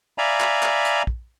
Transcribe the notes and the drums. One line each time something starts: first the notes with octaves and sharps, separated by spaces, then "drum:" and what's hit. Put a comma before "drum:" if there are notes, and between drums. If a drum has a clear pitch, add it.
D5 E5 F5 G#5 A#5 B5
drum: clap
drum: clap
drum: hi-hat
drum: kick